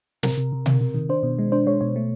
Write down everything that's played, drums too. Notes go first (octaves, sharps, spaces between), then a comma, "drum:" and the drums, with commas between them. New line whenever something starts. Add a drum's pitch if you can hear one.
C3 A#4, drum: snare
C3
C3
C3, drum: tom B2
C3
D#3
D4 C5
B2
G#3
D4 C5
G#3 C#5
B2 C#5
A3